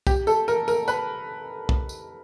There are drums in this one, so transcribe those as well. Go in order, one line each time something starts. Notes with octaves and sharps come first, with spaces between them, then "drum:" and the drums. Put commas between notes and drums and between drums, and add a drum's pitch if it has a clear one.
G4, drum: kick, tambourine
A4, drum: tambourine
A#4, drum: tambourine
A#4, drum: tambourine
B4, drum: tambourine
drum: kick
drum: tambourine